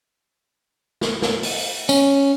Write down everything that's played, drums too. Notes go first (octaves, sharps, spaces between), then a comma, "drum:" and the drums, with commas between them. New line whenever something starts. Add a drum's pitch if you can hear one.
drum: snare
drum: snare
drum: open hi-hat
C#4, drum: tambourine